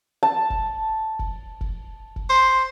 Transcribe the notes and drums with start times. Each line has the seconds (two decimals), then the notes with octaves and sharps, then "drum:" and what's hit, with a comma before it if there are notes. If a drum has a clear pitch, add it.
0.23 A5
0.50 drum: kick
1.19 drum: kick
1.61 drum: kick
2.16 drum: kick
2.30 C5